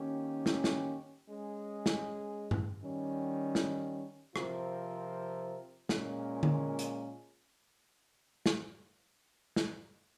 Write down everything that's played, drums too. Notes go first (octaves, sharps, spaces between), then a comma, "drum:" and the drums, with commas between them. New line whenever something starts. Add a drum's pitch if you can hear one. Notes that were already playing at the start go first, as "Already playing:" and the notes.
Already playing: D#3 A#3 C#4 G4
drum: snare
drum: snare
G#3 C#4 G#4
drum: snare
drum: tom G2
D#3 G3 C#4
drum: snare
C3 F3 C4 F4 A#4, drum: rim click
A#2 G#3 C#4 F4 A#4, drum: snare
drum: tom D3
drum: hi-hat
drum: snare
drum: snare